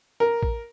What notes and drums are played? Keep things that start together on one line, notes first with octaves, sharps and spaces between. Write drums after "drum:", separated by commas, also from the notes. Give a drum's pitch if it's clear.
A#4
drum: kick A1